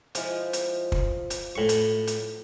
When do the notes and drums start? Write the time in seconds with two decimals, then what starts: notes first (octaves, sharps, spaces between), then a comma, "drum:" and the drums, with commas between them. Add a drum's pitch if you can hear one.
0.15 F3 G#3 E4, drum: hi-hat
0.53 drum: hi-hat
0.92 drum: kick
1.30 drum: hi-hat
1.55 A2 C#6
1.69 drum: hi-hat
2.07 drum: hi-hat